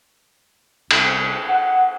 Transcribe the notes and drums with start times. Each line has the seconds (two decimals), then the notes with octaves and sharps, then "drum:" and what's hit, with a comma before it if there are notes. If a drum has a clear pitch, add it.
0.91 C2, drum: cymbal
1.49 F#5